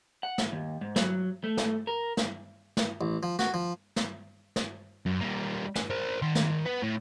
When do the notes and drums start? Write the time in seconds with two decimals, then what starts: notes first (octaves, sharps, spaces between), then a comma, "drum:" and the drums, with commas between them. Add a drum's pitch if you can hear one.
0.23 F#5
0.38 drum: snare
0.52 D#2
0.81 G#2
0.96 F#3, drum: snare
1.44 A3
1.57 drum: snare
1.87 A#4
2.17 drum: snare
2.77 drum: snare
3.01 A1
3.23 F3
3.39 F#4, drum: snare
3.54 F3
3.96 drum: snare
4.56 drum: snare
5.06 F#2
5.21 G3 A#3
5.75 drum: snare
5.90 A#4 C5
6.22 D#3 C6
6.35 drum: snare
6.65 B4 F#5
6.82 A2